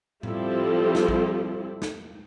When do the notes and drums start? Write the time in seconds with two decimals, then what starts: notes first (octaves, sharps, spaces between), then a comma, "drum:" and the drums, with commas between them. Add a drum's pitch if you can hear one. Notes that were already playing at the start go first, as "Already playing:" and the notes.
0.23 F3 G3 C4 E4 G4 A4, drum: tom A2
0.95 drum: snare
1.08 drum: kick A1
1.82 drum: snare